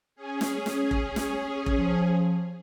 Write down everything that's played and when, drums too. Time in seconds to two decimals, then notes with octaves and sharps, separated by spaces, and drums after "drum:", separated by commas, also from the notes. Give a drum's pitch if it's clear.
0.16 C#4 G#4
0.41 drum: snare
0.66 drum: snare
0.91 drum: kick F1
1.16 drum: snare
1.66 drum: kick F1
1.76 F3